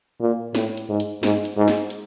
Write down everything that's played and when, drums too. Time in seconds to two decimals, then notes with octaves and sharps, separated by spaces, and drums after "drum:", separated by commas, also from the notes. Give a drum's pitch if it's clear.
0.21 A#2
0.55 A2, drum: snare
0.77 drum: hi-hat
0.89 G#2
1.00 drum: hi-hat
1.23 G#2, drum: snare
1.45 drum: hi-hat
1.57 G#2
1.68 drum: snare
1.90 drum: hi-hat